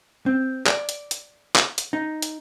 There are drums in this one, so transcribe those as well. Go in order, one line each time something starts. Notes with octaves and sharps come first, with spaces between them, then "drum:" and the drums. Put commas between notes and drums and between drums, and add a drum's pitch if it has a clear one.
C4
D5, drum: clap
drum: hi-hat
drum: hi-hat
drum: clap
drum: hi-hat
D#4
drum: hi-hat